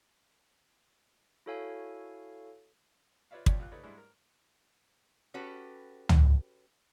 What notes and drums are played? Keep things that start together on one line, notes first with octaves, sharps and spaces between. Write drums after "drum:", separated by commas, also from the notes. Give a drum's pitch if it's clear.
E4 F#4 A4 C#5 F5 G#5
F4 B4 C#5 D5 E5 F5
D#2 D4 F4 G4 C#5 D5, drum: kick
C#2 F4 F#6
A3 D#4 B4 C#5 D5
G#2 G3 G#3 D4 E4
A#4
C#4 F#4 G4 A4 B4
drum: tom